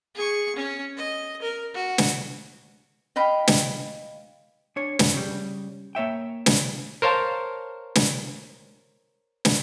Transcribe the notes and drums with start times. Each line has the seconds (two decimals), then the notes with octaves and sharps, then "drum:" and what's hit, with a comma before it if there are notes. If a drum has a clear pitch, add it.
0.15 G#4 C#6
0.56 C#4
0.97 D#5
1.42 A#4
1.74 F#4
1.98 drum: snare
3.16 D#5 F5 G5 B5
3.47 drum: snare
4.76 D4 C#5
4.99 F#2, drum: snare
5.14 C#3 G3
5.95 A#3 C#5 E5 G5
6.46 drum: snare
7.02 A#4 C5 C#5 F5 A5
7.95 drum: snare
9.45 drum: snare